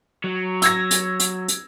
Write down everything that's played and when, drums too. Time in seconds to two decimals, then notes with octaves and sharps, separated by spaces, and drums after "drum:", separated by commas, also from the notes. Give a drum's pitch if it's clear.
0.24 F#3
0.62 E6 G#6 A#6, drum: hi-hat
0.91 drum: hi-hat
1.20 drum: hi-hat
1.48 drum: hi-hat